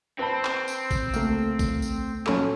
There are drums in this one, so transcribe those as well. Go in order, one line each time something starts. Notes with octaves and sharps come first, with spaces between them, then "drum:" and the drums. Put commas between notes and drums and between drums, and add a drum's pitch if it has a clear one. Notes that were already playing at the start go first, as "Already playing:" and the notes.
C4 B4 A5 B5
drum: clap
drum: tambourine
drum: kick A1, tambourine
C#2 A3 A#3, drum: tambourine
drum: kick A1, tambourine
drum: tambourine
A#2 F#3 C#4 A4, drum: clap